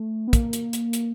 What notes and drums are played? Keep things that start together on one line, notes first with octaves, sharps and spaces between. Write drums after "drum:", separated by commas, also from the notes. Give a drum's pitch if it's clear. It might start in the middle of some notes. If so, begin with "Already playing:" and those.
Already playing: A3
B3
A#3, drum: kick, hi-hat
drum: hi-hat
drum: hi-hat
drum: hi-hat